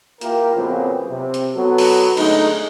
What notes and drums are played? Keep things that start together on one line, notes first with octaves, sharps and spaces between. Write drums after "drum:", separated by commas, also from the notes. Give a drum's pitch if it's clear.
A#3 E4 F4 G4 A#4, drum: hi-hat
F2 A#2 C#3 F#3 B3 C4
C3
drum: hi-hat
F#3 B3 A4
drum: open hi-hat
D3 G#3 A3 D#4, drum: cymbal